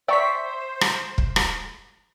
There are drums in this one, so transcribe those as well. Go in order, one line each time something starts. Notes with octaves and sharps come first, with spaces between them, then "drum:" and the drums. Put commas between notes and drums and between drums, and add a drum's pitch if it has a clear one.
C5 D5 E5 G5 A#5 C#6 B6
drum: rim click
drum: kick
drum: rim click